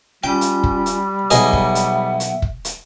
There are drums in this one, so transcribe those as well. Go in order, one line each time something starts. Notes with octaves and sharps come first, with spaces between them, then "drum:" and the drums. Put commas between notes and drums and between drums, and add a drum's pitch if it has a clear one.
G3 C#4 F4 G5
drum: hi-hat
drum: kick
drum: hi-hat
B1 G#4 D#5 E5 F#5, drum: hi-hat
drum: kick
drum: hi-hat
drum: hi-hat
drum: kick
drum: hi-hat